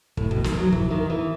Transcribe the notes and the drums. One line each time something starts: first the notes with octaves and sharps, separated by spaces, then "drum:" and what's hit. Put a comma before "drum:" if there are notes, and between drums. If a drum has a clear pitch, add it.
A2, drum: kick
B2, drum: kick
D#3, drum: snare
F#3
E3, drum: kick
D#3
E3